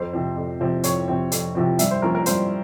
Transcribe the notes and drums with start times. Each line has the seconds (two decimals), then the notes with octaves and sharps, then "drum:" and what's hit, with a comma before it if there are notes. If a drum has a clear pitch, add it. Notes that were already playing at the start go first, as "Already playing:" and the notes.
Already playing: F2 C5
0.13 C3 F3 C4
0.37 F2
0.60 C3 F3 C4
0.83 F2 C#5, drum: hi-hat
1.08 C3 F3 C4
1.32 F2, drum: hi-hat
1.55 C3 F3 C4
1.79 G2 E5, drum: hi-hat
1.91 C5
2.02 F3 A#3 C#4 A#4
2.15 A#4
2.26 G2 C5, drum: hi-hat